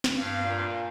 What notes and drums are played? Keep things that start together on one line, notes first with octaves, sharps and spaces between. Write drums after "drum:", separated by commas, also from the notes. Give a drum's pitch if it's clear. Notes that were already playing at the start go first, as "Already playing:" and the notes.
drum: snare
G2 F5
A#2